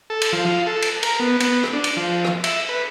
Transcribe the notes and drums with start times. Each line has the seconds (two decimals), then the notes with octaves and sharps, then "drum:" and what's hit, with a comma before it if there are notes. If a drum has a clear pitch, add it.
0.10 A4
0.21 drum: cymbal
0.33 F3
0.46 F4
0.67 A4
0.82 drum: cymbal
1.03 A#4, drum: cymbal
1.20 B3
1.40 B3, drum: cymbal
1.64 drum: rim click
1.73 D4
1.84 drum: cymbal
1.97 F3
2.24 drum: rim click
2.44 E5, drum: cymbal
2.69 B4